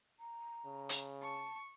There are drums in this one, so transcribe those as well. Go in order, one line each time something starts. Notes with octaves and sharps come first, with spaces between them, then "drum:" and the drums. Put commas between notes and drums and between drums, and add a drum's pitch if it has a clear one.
A#5
C#3
drum: hi-hat
A5 C#6